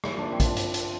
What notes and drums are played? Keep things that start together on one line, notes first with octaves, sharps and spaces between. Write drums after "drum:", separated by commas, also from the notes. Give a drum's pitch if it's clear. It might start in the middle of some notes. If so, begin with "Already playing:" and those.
A#2 E4, drum: rim click
D4
C4
F3, drum: kick A#1, hi-hat
D4
drum: hi-hat
drum: hi-hat